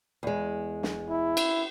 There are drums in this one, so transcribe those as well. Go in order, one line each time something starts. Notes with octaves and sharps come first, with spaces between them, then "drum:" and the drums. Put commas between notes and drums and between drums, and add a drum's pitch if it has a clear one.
E2 G#3
drum: snare
E4
drum: cymbal